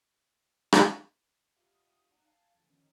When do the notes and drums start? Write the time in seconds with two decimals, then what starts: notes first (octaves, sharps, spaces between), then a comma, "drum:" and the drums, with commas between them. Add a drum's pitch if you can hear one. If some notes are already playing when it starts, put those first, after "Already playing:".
0.72 drum: rim click
1.57 F4 G4 F5
1.70 D#6
2.11 D4 D#4 F#5
2.25 F5 G#5 A5
2.54 F2 D3
2.70 D#3 C#4 D#4